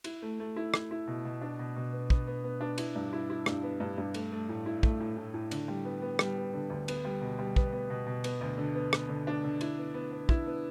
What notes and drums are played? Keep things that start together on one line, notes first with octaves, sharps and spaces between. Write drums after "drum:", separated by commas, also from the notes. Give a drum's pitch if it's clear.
E4, drum: cymbal
A3
A3
E4
E4, drum: rim click
E4
B2
B2
D4
B2
B2
B3
B3, drum: kick
B3
B3
D4
E4, drum: cymbal
G2
E4
E4
G2, drum: rim click
B3
G2
G2
A3, drum: cymbal
A3
A2
E4
A3, drum: kick
A2
A2
A2
D3, drum: cymbal
G3
B3
B3
G3, drum: rim click
B3
D3
D2
B3, drum: cymbal
G3
B2
G3
B3, drum: kick
B3
B2
B2
B3, drum: cymbal
D2
D3
B3
B3, drum: rim click
D3
D4
D3
E4, drum: cymbal
B3
B3
B3
E4, drum: kick
B3